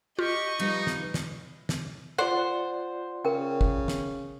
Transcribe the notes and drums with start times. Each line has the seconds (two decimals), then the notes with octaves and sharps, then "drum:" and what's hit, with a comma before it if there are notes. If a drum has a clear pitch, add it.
0.19 F4 G4 D#5 C#6
0.59 F3 G3 D#4 B4, drum: cymbal
0.87 drum: snare
1.14 drum: snare
1.69 drum: snare
2.18 F4 C5 D5 F#5
3.25 C#3 A#4 G5
3.61 drum: kick
3.88 drum: snare